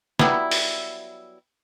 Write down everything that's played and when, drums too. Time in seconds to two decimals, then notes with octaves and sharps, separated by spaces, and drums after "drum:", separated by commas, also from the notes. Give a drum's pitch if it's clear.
0.19 F#3 G3 B3 E4, drum: snare
0.51 drum: open hi-hat